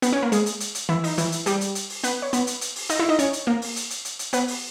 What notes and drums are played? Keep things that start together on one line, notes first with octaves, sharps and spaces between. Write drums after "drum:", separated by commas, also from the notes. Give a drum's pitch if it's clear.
B3 B4, drum: hi-hat
C#4 C#5
A#3 A#4
G#3 G#4, drum: hi-hat
drum: hi-hat
drum: hi-hat
drum: hi-hat
E3 E4
D#4, drum: open hi-hat
E3 E4, drum: hi-hat
drum: hi-hat
G3 G4, drum: hi-hat
drum: hi-hat
drum: hi-hat
drum: open hi-hat
B3 B4, drum: hi-hat
C#5
B3 B4, drum: hi-hat
drum: hi-hat
drum: hi-hat
drum: open hi-hat
D#4 D#5, drum: hi-hat
E4 E5
D#4 D#5
C#4 C#5, drum: hi-hat
drum: hi-hat
A#3 A#4
drum: open hi-hat
drum: hi-hat
drum: hi-hat
drum: hi-hat
drum: hi-hat
B3 B4, drum: hi-hat
drum: open hi-hat